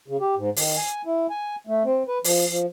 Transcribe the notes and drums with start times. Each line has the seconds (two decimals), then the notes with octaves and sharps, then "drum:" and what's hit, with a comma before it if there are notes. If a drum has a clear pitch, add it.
0.08 C#3
0.21 G4
0.37 G#2
0.56 D#3, drum: open hi-hat
0.77 G#5
1.05 E4
1.30 G#5
1.67 A3
1.85 C4
2.08 B4
2.24 F3, drum: open hi-hat
2.49 F3